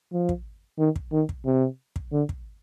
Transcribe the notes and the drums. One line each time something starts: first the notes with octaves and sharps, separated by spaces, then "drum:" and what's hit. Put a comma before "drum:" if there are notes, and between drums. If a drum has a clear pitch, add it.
F3
drum: kick
D#3
drum: kick
D#3
drum: kick
C3
drum: kick
D3
drum: kick